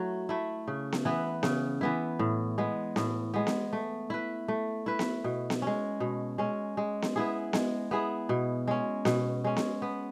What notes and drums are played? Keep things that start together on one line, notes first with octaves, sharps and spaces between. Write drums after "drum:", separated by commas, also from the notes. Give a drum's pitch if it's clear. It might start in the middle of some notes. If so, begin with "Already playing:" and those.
Already playing: F#3 A3 E4
A3 E4
C#3
drum: snare B3
E3 B3 E4
C#3, drum: snare B3
E3 B3 E4
A2
G#3 B3
A2, drum: snare B3
G#3 B3
drum: snare B3
A3
E4 B4
A3
E4 B4
drum: snare B3
B2
drum: snare B3
G#3 C#4
B2
G#3 C#4
G#3
drum: snare B3
B3 E4 G#4
G#3, drum: snare B3
B3 E4 G#4
B2
G#3 C#4
B2, drum: snare B3
G#3 C#4
drum: snare B3
B3